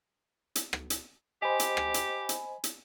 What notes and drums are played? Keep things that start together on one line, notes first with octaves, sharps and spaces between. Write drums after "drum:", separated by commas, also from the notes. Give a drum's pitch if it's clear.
drum: hi-hat
drum: rim click
drum: hi-hat
G4 C5 D#5 G#5 B5
drum: hi-hat
drum: rim click
drum: hi-hat
drum: hi-hat
drum: hi-hat